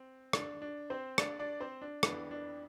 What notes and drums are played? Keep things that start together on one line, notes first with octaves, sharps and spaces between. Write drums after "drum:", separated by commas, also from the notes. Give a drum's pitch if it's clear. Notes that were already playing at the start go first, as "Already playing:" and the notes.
Already playing: C4
D4, drum: rim click
D4
C4 C5
D4 D5, drum: rim click
D4 D5
C4 C5
D4
F2 E3 B3 D4, drum: rim click
D4